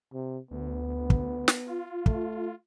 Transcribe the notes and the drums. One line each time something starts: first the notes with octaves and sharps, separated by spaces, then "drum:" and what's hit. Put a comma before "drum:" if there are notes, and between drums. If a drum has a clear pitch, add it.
C3
D2 B3
drum: kick
drum: snare
F4
A3, drum: kick